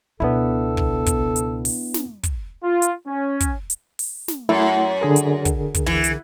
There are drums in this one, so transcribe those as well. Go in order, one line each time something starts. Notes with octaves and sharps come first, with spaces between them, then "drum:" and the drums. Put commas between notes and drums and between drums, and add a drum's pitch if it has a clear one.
C#2 B2 B3 D4 E4 A4
drum: kick
drum: kick, hi-hat
drum: hi-hat
drum: open hi-hat
drum: snare
drum: kick, hi-hat
F4
drum: hi-hat
C#4
drum: kick, hi-hat
drum: hi-hat
drum: open hi-hat
drum: snare
F#2 A3 E4
D3 G#4 A#4
drum: hi-hat
drum: kick, hi-hat
drum: kick, hi-hat
E3, drum: tom
drum: hi-hat